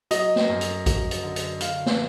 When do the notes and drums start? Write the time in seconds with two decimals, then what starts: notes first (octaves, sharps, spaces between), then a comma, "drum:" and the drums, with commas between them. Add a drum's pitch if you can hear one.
0.11 F#3 D#5, drum: hi-hat
0.36 drum: snare
0.49 F#2
0.61 drum: hi-hat
0.86 F#3, drum: kick A1, hi-hat
1.11 drum: hi-hat
1.24 D3
1.36 drum: hi-hat
1.61 D3 F5, drum: hi-hat
1.86 drum: snare